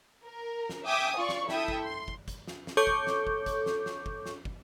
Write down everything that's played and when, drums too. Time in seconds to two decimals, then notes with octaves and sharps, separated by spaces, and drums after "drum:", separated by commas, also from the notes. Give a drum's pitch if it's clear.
0.25 A#4
0.69 drum: snare
0.86 E5 G5 G#5 D6 D#6
1.18 F4 D5 C#6
1.29 drum: snare
1.49 E4 A4 E5 G5 D#6, drum: snare
1.68 drum: kick
1.83 C6
2.08 drum: kick
2.28 drum: kick, hi-hat
2.47 drum: snare
2.67 drum: snare
2.77 A4 C#5 C#6 D6 G6
2.87 drum: kick
3.07 drum: snare
3.27 drum: kick
3.46 drum: kick, hi-hat
3.66 drum: snare
3.86 drum: snare
4.06 drum: kick
4.26 drum: snare
4.45 drum: kick